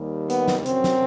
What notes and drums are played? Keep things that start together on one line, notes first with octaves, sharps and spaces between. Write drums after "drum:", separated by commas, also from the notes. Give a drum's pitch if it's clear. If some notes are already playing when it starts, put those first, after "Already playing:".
Already playing: D#2 D#3 G3
B3, drum: hi-hat
drum: snare
F#2 F#3 C4, drum: hi-hat
drum: snare